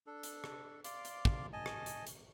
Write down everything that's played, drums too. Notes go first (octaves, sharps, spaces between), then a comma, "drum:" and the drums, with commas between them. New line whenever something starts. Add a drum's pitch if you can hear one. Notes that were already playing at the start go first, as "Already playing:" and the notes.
D4 A4
drum: hi-hat
drum: rim click
D5 F5 C6 D6, drum: hi-hat
drum: hi-hat
drum: kick
D#5 G#5 A5
drum: rim click
drum: hi-hat
drum: hi-hat